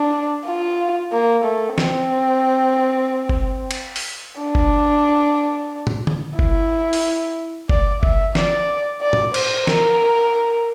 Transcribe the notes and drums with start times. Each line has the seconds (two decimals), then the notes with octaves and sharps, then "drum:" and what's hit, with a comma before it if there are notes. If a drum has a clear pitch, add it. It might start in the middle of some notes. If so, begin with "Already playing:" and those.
Already playing: D4
0.46 F4
1.13 A#3
1.45 A3
1.78 C4, drum: snare
3.29 drum: kick F#1
3.71 drum: cymbal
3.96 drum: open hi-hat
4.41 D4
4.55 drum: kick F#1
5.87 drum: tom
6.07 drum: tom D3
6.39 E4, drum: kick F#1
6.93 drum: open hi-hat
7.69 D5, drum: kick F#1
8.03 E5, drum: kick F#1
8.35 D5, drum: snare
9.02 D5
9.13 drum: tom
9.34 C5, drum: cymbal
9.67 A#4, drum: snare